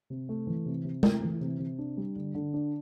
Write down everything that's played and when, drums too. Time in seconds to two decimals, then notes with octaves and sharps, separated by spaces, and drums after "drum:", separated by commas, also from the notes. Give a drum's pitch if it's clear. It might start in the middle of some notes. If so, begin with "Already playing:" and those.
0.10 C3
0.29 A3
0.47 E3
0.66 C3
0.85 C3
1.03 A3, drum: tom G#3
1.23 E3
1.41 C3
1.59 C3
1.79 D4
1.97 G3
2.16 D3
2.35 D3
2.54 D4